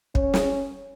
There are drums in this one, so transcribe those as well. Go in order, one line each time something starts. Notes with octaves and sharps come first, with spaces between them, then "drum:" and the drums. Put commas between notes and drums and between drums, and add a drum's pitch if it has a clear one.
C#4, drum: kick
drum: snare